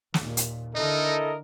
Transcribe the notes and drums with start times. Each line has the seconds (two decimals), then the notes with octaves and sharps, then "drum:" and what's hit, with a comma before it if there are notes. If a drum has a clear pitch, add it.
0.14 D#2 A#2, drum: snare
0.37 drum: hi-hat
0.75 D3 D#4 E4 A4 A#4 D#5